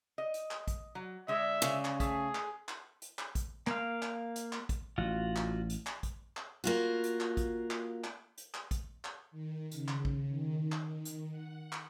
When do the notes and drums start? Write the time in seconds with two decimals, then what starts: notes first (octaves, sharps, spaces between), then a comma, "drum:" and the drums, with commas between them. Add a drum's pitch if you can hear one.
0.18 D#5
0.34 drum: hi-hat
0.51 drum: clap
0.68 drum: kick, hi-hat
0.95 F#3
1.28 D3 G#3 E5
1.62 C#3
1.85 drum: clap
2.00 A3 G#4, drum: kick, hi-hat
2.35 drum: clap
2.68 drum: clap
3.02 drum: hi-hat
3.19 drum: clap
3.35 drum: kick, hi-hat
3.67 A#3 F5, drum: clap
4.02 drum: clap
4.36 drum: hi-hat
4.53 drum: clap
4.69 drum: kick, hi-hat
4.98 A1 F4 F#4
5.36 drum: clap
5.70 drum: hi-hat
5.86 drum: clap
6.03 drum: kick, hi-hat
6.37 drum: clap
6.64 A#3 F4 F#4
7.04 drum: hi-hat
7.20 drum: clap
7.37 drum: kick, hi-hat
7.71 drum: clap
8.04 drum: clap
8.38 drum: hi-hat
8.54 drum: clap
8.71 drum: kick, hi-hat
9.05 drum: clap
9.31 D#3
9.71 C#3, drum: hi-hat
9.88 drum: clap
10.05 drum: kick
10.30 D#3
10.72 drum: clap
11.05 drum: hi-hat
11.31 F#5
11.72 drum: clap